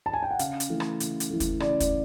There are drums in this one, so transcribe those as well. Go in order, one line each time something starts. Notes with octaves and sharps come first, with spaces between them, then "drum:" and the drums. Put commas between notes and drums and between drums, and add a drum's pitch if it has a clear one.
A5
G#5
G5
F#5
C#3 F5, drum: hi-hat
drum: hi-hat
E3 A3
drum: rim click
C#3, drum: hi-hat
drum: hi-hat
E3 A3
drum: kick, hi-hat
C#3 D5, drum: rim click
drum: kick, hi-hat